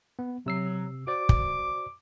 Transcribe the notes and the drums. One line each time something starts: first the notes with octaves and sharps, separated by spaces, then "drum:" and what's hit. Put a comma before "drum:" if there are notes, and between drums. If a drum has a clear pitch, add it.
B3
C3 F#3 E6 C7
F#4 C5 D5 D6
drum: kick